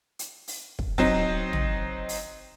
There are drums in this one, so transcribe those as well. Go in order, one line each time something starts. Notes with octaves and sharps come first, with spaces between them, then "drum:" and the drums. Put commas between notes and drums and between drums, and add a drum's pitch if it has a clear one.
drum: hi-hat
drum: open hi-hat
drum: kick
F#3 C4 D#4, drum: kick
drum: tom
drum: open hi-hat